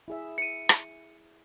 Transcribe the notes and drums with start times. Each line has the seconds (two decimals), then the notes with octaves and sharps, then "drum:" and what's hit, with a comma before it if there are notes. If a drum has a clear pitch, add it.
0.08 E4 G#4 E5
0.38 C#7 D#7
0.69 drum: rim click